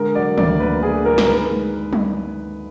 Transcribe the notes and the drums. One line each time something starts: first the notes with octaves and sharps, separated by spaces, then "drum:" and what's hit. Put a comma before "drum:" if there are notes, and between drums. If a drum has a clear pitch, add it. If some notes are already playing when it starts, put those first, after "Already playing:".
Already playing: D3 G#3 A#4
F#3 D5
D2 D5, drum: tom
A#3 B4
D3 G#4
F#3 A#4
A#4, drum: snare
D#3 B4
G#3
drum: tom F#3